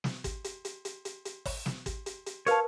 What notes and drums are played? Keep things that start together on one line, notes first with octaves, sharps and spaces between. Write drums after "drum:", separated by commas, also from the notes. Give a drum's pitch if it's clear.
drum: snare
drum: kick, hi-hat
drum: hi-hat
drum: hi-hat
drum: hi-hat
drum: hi-hat
drum: hi-hat
drum: kick, open hi-hat
drum: snare
drum: kick, hi-hat
drum: hi-hat
drum: hi-hat
A#4 B4 C#5 F5 A5, drum: hi-hat